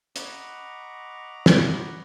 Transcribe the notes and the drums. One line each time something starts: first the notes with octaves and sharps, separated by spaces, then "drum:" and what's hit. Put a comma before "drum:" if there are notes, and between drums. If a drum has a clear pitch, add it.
D#5 F#5 A#5 B5 C#6 D6, drum: hi-hat
drum: snare